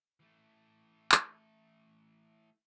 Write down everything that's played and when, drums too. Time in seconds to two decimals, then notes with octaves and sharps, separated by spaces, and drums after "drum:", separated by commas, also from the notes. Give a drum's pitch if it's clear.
0.20 E3 A3
1.12 drum: clap